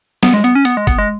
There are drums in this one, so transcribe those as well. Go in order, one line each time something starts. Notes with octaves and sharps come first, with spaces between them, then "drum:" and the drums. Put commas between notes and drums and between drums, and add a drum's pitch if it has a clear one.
B3, drum: snare
G#3
B3, drum: hi-hat
C#4
B3, drum: hi-hat
G#3
B3, drum: kick, hi-hat
G#3